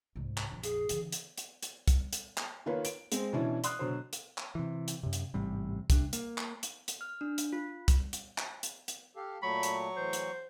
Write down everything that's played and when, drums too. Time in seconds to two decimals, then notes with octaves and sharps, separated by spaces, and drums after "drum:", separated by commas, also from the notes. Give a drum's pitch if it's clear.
0.16 C2 G#2
0.37 drum: clap
0.51 A#1 F2
0.64 G#4, drum: hi-hat
0.89 D3 E3, drum: hi-hat
1.12 drum: hi-hat
1.38 drum: hi-hat
1.63 drum: hi-hat
1.88 drum: kick C2, hi-hat
2.13 drum: hi-hat
2.38 drum: clap
2.66 D#3 A#3 F4 B4 C#5
2.85 D7, drum: hi-hat
3.12 G#3 C4, drum: hi-hat
3.33 B2 E3 C#4 D4 E4
3.64 D5 C6 D#6 F6 F#6, drum: hi-hat
3.79 B2 D3 F#3 C5
4.13 drum: hi-hat
4.38 drum: clap
4.55 C3 E3
4.88 drum: hi-hat
5.03 F#2 C3
5.13 drum: hi-hat
5.34 A1 G#2 C3 G3
5.90 C3 D4, drum: kick C2, hi-hat
6.13 A#3, drum: hi-hat
6.38 drum: clap
6.63 drum: hi-hat
6.88 drum: hi-hat
7.01 F6
7.21 D4
7.38 drum: hi-hat
7.53 F4
7.88 drum: kick C2, hi-hat
8.13 drum: hi-hat
8.38 drum: clap
8.63 drum: hi-hat
8.88 drum: hi-hat
9.16 G4 A4 F5
9.43 A#2 F#3 A3 B5 C#6
9.63 drum: hi-hat
9.97 A2 E3 C5
10.13 drum: hi-hat